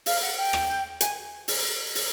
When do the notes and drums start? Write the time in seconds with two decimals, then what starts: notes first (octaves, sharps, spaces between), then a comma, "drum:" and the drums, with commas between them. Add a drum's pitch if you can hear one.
0.06 F5, drum: open hi-hat
0.21 F#5
0.37 G5
0.53 drum: rim click
1.01 G#5, drum: hi-hat
1.48 drum: open hi-hat
1.95 drum: open hi-hat